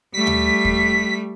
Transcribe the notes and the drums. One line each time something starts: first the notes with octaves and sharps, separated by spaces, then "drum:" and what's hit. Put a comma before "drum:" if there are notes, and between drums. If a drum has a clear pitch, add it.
G3 A3 B6
drum: tom D#2
drum: kick